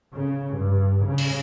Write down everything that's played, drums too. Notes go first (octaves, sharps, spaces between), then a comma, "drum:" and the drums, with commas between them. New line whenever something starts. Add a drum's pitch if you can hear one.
C#3
G2
C#3
drum: cymbal